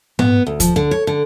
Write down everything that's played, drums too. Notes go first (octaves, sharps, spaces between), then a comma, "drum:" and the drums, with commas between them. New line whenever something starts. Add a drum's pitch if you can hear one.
B3, drum: tom G#2
D2
F3, drum: kick D2, hi-hat
D3
C#5
D3